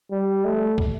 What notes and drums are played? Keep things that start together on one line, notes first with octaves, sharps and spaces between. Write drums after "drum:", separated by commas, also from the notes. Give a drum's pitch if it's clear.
G3
A3
drum: kick